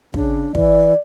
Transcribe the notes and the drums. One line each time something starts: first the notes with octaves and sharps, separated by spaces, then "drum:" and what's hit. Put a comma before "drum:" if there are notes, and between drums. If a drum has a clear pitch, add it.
C#3 D4, drum: kick
E3 D5, drum: kick